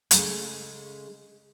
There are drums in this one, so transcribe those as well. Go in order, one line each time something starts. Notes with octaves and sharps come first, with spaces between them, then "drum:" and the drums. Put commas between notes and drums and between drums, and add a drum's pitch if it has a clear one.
C#3 G#3 A3, drum: hi-hat